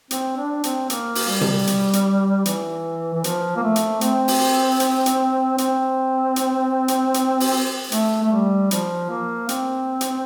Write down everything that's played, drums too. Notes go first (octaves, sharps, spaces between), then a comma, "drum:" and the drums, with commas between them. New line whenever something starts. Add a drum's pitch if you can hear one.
C4, drum: hi-hat
D4
C4, drum: hi-hat
A#3, drum: hi-hat
drum: open hi-hat
G3
drum: tom C3
drum: hi-hat
drum: hi-hat
E3, drum: hi-hat
E3
F3, drum: hi-hat
A#3
A3
drum: hi-hat
C4, drum: hi-hat
drum: open hi-hat
drum: hi-hat
drum: hi-hat
C4, drum: hi-hat
drum: hi-hat
drum: hi-hat
drum: hi-hat
drum: open hi-hat
A3, drum: hi-hat
A3
G3
F3, drum: hi-hat
A#3
C4, drum: hi-hat
drum: hi-hat